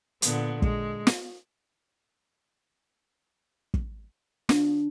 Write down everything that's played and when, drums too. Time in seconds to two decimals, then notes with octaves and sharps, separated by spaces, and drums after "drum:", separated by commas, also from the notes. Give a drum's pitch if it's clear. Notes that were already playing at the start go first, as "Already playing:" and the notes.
0.22 A#2 D3 B3, drum: hi-hat
0.62 G#3, drum: kick
1.07 drum: snare
3.74 drum: kick
4.49 D4, drum: snare